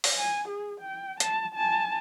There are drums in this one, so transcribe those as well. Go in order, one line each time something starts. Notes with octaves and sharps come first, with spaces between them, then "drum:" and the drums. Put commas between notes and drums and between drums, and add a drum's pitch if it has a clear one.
drum: open hi-hat
G#5
G#4
G5
A5, drum: hi-hat
G#5 A5